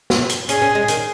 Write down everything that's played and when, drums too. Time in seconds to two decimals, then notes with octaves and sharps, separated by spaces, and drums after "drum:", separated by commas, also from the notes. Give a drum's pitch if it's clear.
0.10 drum: snare
0.29 drum: hi-hat
0.49 C#4 G#4, drum: hi-hat
0.62 C#4
0.75 G#3
0.88 D#3, drum: hi-hat